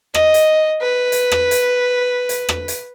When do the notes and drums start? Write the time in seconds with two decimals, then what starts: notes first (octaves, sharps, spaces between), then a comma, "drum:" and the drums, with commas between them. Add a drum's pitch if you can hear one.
0.14 D#5, drum: rim click
0.34 drum: hi-hat
0.81 B4
1.12 drum: hi-hat
1.32 drum: rim click
1.51 drum: hi-hat
2.29 drum: hi-hat
2.49 drum: rim click
2.68 drum: hi-hat